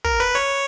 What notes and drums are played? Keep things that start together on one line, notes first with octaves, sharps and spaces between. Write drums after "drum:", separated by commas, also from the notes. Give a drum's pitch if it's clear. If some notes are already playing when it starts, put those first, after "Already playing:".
A#4, drum: kick
B4
C#5